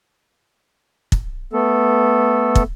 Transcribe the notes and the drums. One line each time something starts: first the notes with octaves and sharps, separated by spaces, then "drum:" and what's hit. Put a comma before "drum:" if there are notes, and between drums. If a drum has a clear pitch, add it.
drum: kick
A3 B3 A4
drum: kick